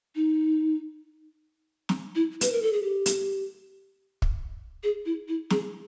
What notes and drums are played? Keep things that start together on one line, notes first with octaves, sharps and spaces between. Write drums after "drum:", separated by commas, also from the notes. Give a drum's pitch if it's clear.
D#4
drum: snare
E4
B4, drum: hi-hat
A#4
A4
G#4
G4
drum: hi-hat
drum: kick
G#4
E4
E4
G#4, drum: snare